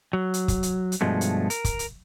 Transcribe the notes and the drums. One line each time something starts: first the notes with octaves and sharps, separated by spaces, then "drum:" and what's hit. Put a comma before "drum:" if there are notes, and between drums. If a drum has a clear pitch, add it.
F#3
drum: hi-hat
drum: kick, hi-hat
drum: hi-hat
drum: hi-hat
G2 B2 F3 G#3 A3
drum: hi-hat
A#4, drum: hi-hat
drum: kick, hi-hat
drum: hi-hat